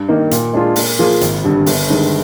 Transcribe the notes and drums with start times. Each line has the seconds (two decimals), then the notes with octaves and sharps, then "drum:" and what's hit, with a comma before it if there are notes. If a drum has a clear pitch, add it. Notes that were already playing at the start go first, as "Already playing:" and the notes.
Already playing: G2
0.09 D#3 A#3 D#4
0.31 A#2, drum: hi-hat
0.53 G#3 D4 F4 G#4
0.76 A#2, drum: open hi-hat
0.99 F3 A#3 F4 G#4
1.21 G#1, drum: hi-hat
1.44 G2 D3 G3
1.66 G1, drum: open hi-hat
1.90 G2 D#3 G#3